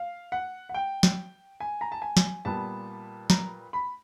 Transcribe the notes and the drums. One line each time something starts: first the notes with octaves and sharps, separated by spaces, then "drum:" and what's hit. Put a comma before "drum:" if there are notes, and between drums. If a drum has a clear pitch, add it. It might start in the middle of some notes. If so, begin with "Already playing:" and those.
Already playing: F5
F#5
F#5
G5
drum: snare
G#5
A#5
A5
G#5
drum: snare
A#2 G3 B3 A5
A#5, drum: snare
B5